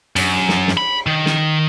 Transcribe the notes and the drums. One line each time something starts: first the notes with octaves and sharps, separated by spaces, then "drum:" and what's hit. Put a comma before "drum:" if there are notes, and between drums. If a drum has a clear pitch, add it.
F#2, drum: cymbal
drum: snare
drum: snare
B5
D#3
drum: snare